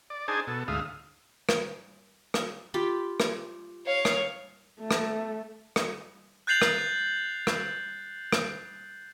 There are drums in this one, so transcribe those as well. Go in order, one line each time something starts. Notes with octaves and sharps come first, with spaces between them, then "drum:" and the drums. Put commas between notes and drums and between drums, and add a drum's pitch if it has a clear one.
D5
D4 D#4 G#4 C5 G#5 A5
B2 A4
D2 G#2 E5 F5 D#6
drum: rim click
drum: rim click
F4 G4 B5
drum: rim click
C#5 F5
drum: rim click
A3
drum: rim click
drum: rim click
F#6 G6 A6 C7 F7 F#7
drum: rim click
drum: rim click
drum: rim click